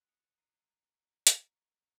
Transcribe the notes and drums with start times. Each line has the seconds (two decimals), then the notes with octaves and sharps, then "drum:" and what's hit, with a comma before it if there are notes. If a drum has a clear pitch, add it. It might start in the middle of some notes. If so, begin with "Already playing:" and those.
Already playing: F#6
0.08 D#6 C#7 F7
0.38 A#5 C7 D#7
0.68 A#5
0.97 A#5
1.27 A#5, drum: hi-hat
1.56 C#6